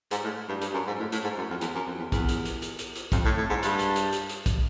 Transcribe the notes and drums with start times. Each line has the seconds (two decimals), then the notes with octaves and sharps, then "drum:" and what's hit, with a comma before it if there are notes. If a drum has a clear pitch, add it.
0.11 G#2, drum: hi-hat
0.24 A2
0.49 G2
0.61 G2, drum: hi-hat
0.74 F#2
0.87 G#2
0.99 A2
1.12 A2, drum: hi-hat
1.24 G#2
1.37 F#2
1.50 F2
1.61 E2, drum: hi-hat
1.75 F#2
1.87 F2
1.99 E2
2.12 E2, drum: kick, hi-hat
2.29 drum: hi-hat
2.45 drum: hi-hat
2.62 drum: hi-hat
2.79 drum: hi-hat
2.96 drum: hi-hat
3.12 F2, drum: kick, hi-hat
3.25 A2
3.37 A2
3.50 G#2
3.63 G2, drum: hi-hat
3.79 drum: hi-hat
3.96 drum: hi-hat
4.13 drum: hi-hat
4.29 drum: hi-hat
4.46 drum: kick, hi-hat